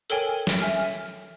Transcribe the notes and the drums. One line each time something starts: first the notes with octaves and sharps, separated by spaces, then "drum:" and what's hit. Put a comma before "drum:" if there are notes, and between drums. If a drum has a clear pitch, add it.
A4 A#4 C#5 G5 G#5, drum: hi-hat
drum: snare
E5 G#5 F6